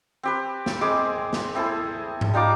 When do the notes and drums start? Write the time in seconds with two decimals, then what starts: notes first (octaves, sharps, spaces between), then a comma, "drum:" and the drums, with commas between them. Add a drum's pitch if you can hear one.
0.23 C4 G4 B4
0.66 drum: snare
0.81 G#3 C4 G#4 D6
1.33 drum: snare
1.55 C4 E4 G#4 A4
2.21 drum: tom G#2
2.34 G3 D#4 F4 D6